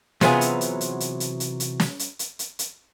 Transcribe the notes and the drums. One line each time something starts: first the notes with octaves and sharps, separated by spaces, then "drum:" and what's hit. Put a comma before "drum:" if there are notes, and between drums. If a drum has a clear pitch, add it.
C3 E3 F#3 B3 F4 G#4, drum: snare
drum: hi-hat
drum: hi-hat
drum: hi-hat
drum: hi-hat
drum: hi-hat
drum: hi-hat
drum: hi-hat
drum: snare
drum: hi-hat
drum: hi-hat
drum: hi-hat
drum: hi-hat